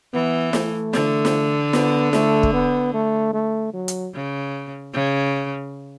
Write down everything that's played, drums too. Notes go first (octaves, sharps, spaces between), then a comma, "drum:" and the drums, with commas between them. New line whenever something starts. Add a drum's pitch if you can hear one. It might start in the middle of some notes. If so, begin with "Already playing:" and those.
E3 B3
A3, drum: snare
D3, drum: snare
drum: snare
B3, drum: snare
A3, drum: snare
drum: kick
B3
A3
A3
F#3
drum: hi-hat
C#3
C#3